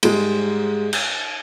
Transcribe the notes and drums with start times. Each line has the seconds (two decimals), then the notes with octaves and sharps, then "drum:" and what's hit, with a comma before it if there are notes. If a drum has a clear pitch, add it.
0.03 G#2 G3 G#3, drum: cymbal
0.93 drum: cymbal